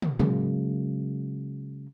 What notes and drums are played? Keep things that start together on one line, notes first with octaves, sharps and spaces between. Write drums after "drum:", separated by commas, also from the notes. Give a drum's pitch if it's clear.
drum: tom
C#3 F#3 G#3 A#3, drum: tom